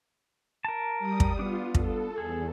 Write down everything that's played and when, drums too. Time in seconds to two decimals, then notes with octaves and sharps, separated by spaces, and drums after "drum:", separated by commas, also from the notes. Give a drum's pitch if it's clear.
0.65 A#4 A5
0.99 G3 D#6
1.20 drum: kick
1.39 B3 D4 F4
1.75 A4, drum: kick
2.18 E2 G#4